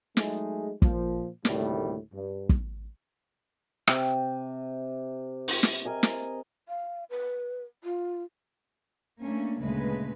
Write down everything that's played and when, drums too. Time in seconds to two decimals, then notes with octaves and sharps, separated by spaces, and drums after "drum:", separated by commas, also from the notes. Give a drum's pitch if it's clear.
0.17 F#3 G#3 A3 D#4 G#4, drum: snare
0.82 A#2 F3, drum: kick
1.45 D2 A2 C3 D#3 G3 A#3, drum: snare
2.14 G2
2.49 drum: kick
3.87 C3, drum: rim click
5.48 drum: open hi-hat
5.63 drum: snare
5.85 A#4 D#5 G#5
6.03 drum: snare
6.69 F5
7.10 B4
7.84 F4
9.21 A3 A#3 C#4 D4
9.61 D2 A#2 C#3 G#3 A3 B4